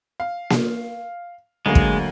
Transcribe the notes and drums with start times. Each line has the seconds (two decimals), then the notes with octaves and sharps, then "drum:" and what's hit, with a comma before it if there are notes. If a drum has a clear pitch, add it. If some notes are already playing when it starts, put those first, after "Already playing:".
0.20 F5
0.50 drum: snare A#3
1.66 D2 F#3 G#3 A#3
1.75 drum: kick